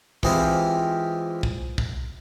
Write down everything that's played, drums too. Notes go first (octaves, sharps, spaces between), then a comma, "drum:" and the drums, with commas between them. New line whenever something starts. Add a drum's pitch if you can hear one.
E3 G#3 C4 F4 G4, drum: kick
drum: kick
drum: kick